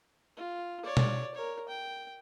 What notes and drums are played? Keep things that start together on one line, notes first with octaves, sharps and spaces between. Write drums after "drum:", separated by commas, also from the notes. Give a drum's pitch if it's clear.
F4
C#5 D5
drum: tom B2
A#4 C#5
G5